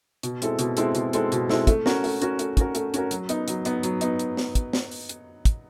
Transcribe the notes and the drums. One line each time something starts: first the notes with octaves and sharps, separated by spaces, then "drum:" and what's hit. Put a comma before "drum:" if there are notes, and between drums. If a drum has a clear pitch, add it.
B2, drum: hi-hat
G#3 C4 E4 A4, drum: hi-hat
B2, drum: hi-hat
G#3 C4 E4 A4, drum: hi-hat
B2, drum: hi-hat
G#3 C4 E4 A4, drum: hi-hat
B2, drum: hi-hat
G#3 C4 E4 A4, drum: snare
A3, drum: kick, hi-hat
C#4 F#4 A#4, drum: snare
A3, drum: open hi-hat
C#4 F#4 A#4, drum: hi-hat
A3, drum: hi-hat
C#4 F#4 A#4, drum: kick, hi-hat
A3, drum: hi-hat
C#4 F#4 A#4, drum: hi-hat
F#3, drum: hi-hat
B3 D#4, drum: hi-hat
F#3, drum: hi-hat
B3 D#4, drum: hi-hat
F#3, drum: hi-hat
B3 D#4, drum: hi-hat
drum: hi-hat
drum: snare
drum: kick, hi-hat
drum: snare
drum: open hi-hat
drum: hi-hat
drum: kick, hi-hat